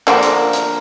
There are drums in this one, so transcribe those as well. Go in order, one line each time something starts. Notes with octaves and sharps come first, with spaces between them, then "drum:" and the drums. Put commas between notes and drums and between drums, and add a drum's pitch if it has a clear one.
D3 F3 A#3, drum: clap
drum: hi-hat
drum: hi-hat